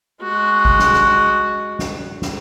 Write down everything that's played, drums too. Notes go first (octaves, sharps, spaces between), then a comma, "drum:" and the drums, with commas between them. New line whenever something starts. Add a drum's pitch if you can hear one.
G#3 F#4
drum: kick G#1
drum: snare
drum: snare
drum: snare
drum: snare